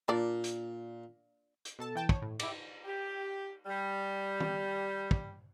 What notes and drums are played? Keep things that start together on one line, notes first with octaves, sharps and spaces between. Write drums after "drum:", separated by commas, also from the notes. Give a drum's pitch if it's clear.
A#2 A#3 D4 D5
drum: hi-hat
drum: hi-hat
B2 A4 A5
E3 G5 A5
C#5, drum: kick
A2
E4 G4 D6, drum: cymbal
G4
G3
drum: tom
drum: kick